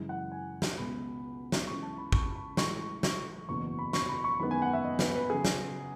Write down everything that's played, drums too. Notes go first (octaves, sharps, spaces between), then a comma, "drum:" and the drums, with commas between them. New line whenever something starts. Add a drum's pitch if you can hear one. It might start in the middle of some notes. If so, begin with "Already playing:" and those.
Already playing: F#2 C#3 E3 G#3
F#5
G#5
drum: snare
C#2 B2 G#3 B3 B5
drum: snare
C#2 C#3 E3 C#6
A5
B5
C#6, drum: kick
B5
A1 A2 E3 G#3 C#6, drum: snare
drum: snare
F#1 E2 B2 C#6
B5
C#6, drum: snare
B5
C#6
F#2 D#3 G#3 B3 B5
G#5
F#5
E5
D#5
B4, drum: snare
B4
C#3 F#3 G#4
drum: snare